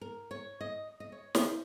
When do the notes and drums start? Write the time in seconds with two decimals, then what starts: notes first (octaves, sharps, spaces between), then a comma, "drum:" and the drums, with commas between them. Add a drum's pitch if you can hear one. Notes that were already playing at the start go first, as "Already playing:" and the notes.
0.01 A#4
0.31 C#5
0.61 D#5
1.00 D#5
1.12 C#5
1.35 C5, drum: snare